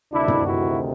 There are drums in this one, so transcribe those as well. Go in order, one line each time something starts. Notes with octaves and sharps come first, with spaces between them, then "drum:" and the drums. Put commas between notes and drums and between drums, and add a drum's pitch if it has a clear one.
D2 C3 D#3 D4 E4
drum: tom
E4 F#4